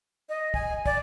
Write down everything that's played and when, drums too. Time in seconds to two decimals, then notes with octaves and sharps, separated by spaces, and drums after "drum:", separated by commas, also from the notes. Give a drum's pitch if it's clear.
0.29 D#5
0.54 G#5, drum: kick
0.86 D5, drum: kick